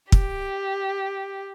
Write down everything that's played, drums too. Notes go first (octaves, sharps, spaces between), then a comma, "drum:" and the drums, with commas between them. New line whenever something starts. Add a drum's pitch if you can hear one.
G4, drum: kick